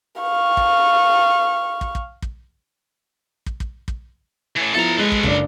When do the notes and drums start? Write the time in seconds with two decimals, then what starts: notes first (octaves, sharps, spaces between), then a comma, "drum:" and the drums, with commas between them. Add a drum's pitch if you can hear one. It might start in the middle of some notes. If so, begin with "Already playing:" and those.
0.21 F5 C#6
0.57 drum: kick
1.81 drum: kick
1.95 drum: kick
2.22 drum: kick
3.46 drum: kick
3.60 drum: kick
3.88 drum: kick
4.57 A2 E3
4.75 F3 B3 E4 A4 A#5
4.98 G#3 A4 B4
5.12 drum: kick
5.24 F#1 D4 D5, drum: kick